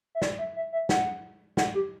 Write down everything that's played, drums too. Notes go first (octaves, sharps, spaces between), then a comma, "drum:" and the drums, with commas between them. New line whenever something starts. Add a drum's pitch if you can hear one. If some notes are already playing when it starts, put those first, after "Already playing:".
E5
D5, drum: snare
E5
E5
E5
F#5, drum: snare
F#5, drum: snare
G4